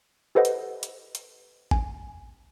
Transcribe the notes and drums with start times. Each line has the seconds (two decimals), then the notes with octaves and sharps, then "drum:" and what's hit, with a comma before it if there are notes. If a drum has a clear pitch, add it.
0.35 G4 A4 B4 C5 D#5 F#5
0.45 drum: hi-hat
0.83 drum: hi-hat
1.15 drum: hi-hat
1.71 G#5, drum: kick G#1